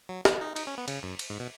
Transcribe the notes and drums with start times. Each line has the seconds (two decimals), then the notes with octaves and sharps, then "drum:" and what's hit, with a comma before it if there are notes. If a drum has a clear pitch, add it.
0.09 F#3
0.25 B3, drum: snare
0.41 D#4
0.56 D#4, drum: cymbal
0.67 C#4
0.78 B3
0.88 C#3, drum: cymbal
1.03 F#2
1.19 drum: cymbal
1.30 G#2
1.40 B2